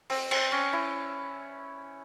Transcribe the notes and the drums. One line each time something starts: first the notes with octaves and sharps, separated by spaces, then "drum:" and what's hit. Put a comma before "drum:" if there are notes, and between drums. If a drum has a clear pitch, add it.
C4, drum: open hi-hat
C4, drum: cymbal
C#4
E4